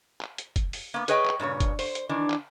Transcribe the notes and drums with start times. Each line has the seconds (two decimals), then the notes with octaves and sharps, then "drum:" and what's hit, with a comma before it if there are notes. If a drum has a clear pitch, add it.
0.21 drum: clap
0.38 drum: hi-hat
0.56 drum: kick, hi-hat
0.73 drum: open hi-hat
0.94 A#3 B3
1.08 G#4 B4 C#5 D#5 G5, drum: hi-hat
1.26 drum: clap
1.40 G2 A#2 C#3 C#5
1.60 drum: kick, hi-hat
1.79 C5, drum: open hi-hat
1.95 drum: hi-hat
2.09 D#3 E3 D4
2.30 drum: clap